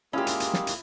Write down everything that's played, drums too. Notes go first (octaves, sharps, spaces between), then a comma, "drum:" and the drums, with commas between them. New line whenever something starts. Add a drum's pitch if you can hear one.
G#3 A#3 C#4 E4 F4 G4 G#4 E5
drum: hi-hat
drum: hi-hat
drum: snare
drum: hi-hat